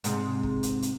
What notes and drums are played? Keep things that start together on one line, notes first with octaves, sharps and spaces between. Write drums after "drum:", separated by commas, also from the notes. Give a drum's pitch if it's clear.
G#2 C3, drum: hi-hat
drum: kick
drum: hi-hat
drum: hi-hat